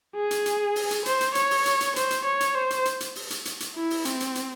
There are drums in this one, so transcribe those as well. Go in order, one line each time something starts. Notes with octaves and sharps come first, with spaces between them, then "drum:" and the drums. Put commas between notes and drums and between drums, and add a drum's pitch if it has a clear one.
G#4
drum: hi-hat
drum: hi-hat
drum: open hi-hat
drum: hi-hat
C5, drum: hi-hat
drum: hi-hat
C#5, drum: hi-hat
drum: open hi-hat
drum: hi-hat
drum: hi-hat
C5, drum: hi-hat
drum: hi-hat
C#5
drum: hi-hat
C5
drum: hi-hat
drum: hi-hat
drum: hi-hat
drum: open hi-hat
drum: hi-hat
drum: hi-hat
drum: hi-hat
E4
drum: open hi-hat
C4, drum: hi-hat
drum: hi-hat
drum: hi-hat